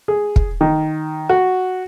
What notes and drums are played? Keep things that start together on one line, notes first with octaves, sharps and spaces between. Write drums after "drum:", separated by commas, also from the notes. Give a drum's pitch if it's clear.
G#4
drum: kick
D#3
F#4